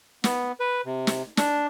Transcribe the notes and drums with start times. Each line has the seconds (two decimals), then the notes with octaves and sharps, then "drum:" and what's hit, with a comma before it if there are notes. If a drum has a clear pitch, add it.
0.24 B3, drum: snare
0.60 B4
0.85 C3
1.07 drum: snare
1.37 D4, drum: snare